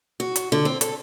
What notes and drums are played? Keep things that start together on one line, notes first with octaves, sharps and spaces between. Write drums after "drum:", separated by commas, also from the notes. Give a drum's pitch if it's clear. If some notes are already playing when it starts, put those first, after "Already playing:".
F#4
drum: hi-hat
D3
C4
A4, drum: hi-hat